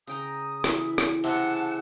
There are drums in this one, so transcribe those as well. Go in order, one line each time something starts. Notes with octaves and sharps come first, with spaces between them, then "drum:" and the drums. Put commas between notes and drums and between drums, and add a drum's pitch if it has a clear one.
C#3 G5 A#5 D#6
E3 E4, drum: rim click
drum: rim click
C3 G4 G#4 F#5 A5